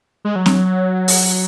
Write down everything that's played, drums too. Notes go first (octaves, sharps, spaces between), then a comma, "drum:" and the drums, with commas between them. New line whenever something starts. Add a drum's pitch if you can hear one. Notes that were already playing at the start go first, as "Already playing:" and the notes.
G#3
F#3
drum: snare C4
drum: open hi-hat